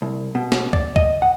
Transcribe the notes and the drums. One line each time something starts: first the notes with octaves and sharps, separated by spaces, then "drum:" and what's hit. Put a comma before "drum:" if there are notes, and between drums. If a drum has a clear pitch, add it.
C2
B2
drum: snare
D5, drum: kick
D#5, drum: kick
F#5